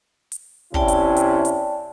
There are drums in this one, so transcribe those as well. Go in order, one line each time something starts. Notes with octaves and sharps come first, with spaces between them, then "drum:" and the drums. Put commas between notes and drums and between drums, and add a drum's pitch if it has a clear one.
drum: hi-hat
C3 C#4 E4 D5 G5 A5, drum: kick
drum: hi-hat
drum: hi-hat
drum: hi-hat